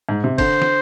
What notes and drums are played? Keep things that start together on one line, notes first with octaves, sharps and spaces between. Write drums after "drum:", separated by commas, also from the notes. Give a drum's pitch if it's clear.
G#2
C3
D3 C5, drum: kick F#1, cymbal
drum: snare